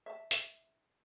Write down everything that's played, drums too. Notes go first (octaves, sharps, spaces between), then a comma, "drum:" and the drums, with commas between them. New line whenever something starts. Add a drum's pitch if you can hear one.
E5 A5
drum: hi-hat